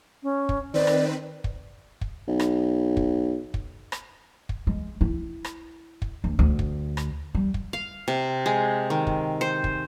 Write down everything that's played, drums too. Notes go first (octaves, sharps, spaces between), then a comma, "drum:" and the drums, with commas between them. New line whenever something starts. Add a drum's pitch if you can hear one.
C#4
drum: kick
D#3 C4 B4 D5
drum: rim click
drum: kick
drum: kick
B1
drum: rim click
drum: kick
drum: kick
drum: rim click
drum: kick
G#3
E4
drum: rim click
drum: kick
D2
D2
drum: kick
drum: rim click
G3
drum: kick
F5
C3
G#3
D#3
drum: kick
C5
drum: kick